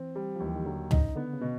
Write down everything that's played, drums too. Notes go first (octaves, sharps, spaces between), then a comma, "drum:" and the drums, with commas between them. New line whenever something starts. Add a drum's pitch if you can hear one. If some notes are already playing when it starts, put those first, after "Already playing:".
Already playing: E3 C4
G3
D#2 F3
E3
D#3
D3 F#3
C#3 D#4, drum: tom
D3 B3
C#3
B2